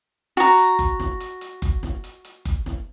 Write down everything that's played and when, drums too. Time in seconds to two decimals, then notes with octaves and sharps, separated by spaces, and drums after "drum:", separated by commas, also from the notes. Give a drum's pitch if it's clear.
0.37 F#4 A#5, drum: hi-hat
0.58 drum: hi-hat
0.79 drum: kick F#1, hi-hat
1.00 drum: snare
1.20 drum: hi-hat
1.41 drum: hi-hat
1.62 drum: kick F#1, hi-hat
1.83 drum: snare
2.04 drum: hi-hat
2.25 drum: hi-hat
2.45 drum: kick F#1, hi-hat
2.66 drum: snare